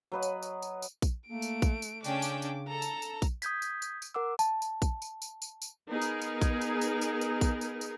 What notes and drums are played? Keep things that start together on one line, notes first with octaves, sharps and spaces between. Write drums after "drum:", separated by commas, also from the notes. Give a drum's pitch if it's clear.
F#3 B4 D#5
drum: tambourine
drum: tambourine
drum: tambourine
drum: tambourine
drum: kick A#1, tambourine
A3 A#3 D7
drum: tambourine
drum: kick A#1, tambourine
drum: tambourine
C#3 C#4 D4 G5 D6, drum: tambourine
drum: tambourine
drum: tambourine
A4 A#5
drum: tambourine
drum: tambourine
drum: kick A#1, tambourine
D#6 G6 G#6 B6, drum: tambourine
drum: tambourine
drum: tambourine
drum: tambourine
A#4 F#5 D6 E6
A5, drum: tambourine
drum: tambourine
drum: kick A#1, tambourine
drum: tambourine
drum: tambourine
drum: tambourine
drum: tambourine
B3 D#4 G#4 A#4
drum: tambourine
drum: tambourine
drum: kick A#1, tambourine
drum: tambourine
drum: tambourine
drum: tambourine
drum: tambourine
drum: kick A#1, tambourine
drum: tambourine
drum: tambourine